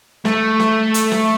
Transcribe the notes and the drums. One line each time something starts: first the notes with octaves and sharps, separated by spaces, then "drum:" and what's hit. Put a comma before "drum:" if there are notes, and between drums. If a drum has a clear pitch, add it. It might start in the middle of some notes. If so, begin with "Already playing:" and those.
A3, drum: snare
drum: snare
drum: hi-hat
drum: snare